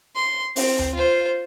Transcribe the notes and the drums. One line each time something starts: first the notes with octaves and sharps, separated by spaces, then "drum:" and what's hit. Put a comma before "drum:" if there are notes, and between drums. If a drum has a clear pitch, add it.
C6
C4, drum: open hi-hat
drum: tom D2
F4 C5